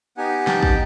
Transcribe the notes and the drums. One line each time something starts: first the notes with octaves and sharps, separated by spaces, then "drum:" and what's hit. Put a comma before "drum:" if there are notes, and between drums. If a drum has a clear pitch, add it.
B3 D#4 G4 F#5 G#5
G5 A5, drum: snare
drum: kick